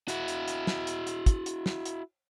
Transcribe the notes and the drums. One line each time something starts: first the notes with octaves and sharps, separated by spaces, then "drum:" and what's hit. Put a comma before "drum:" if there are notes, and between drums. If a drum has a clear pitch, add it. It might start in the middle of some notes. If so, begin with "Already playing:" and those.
E4 F#4, drum: hi-hat
drum: hi-hat
drum: hi-hat
drum: snare
drum: hi-hat
drum: hi-hat
drum: kick, hi-hat
drum: hi-hat
drum: snare
drum: hi-hat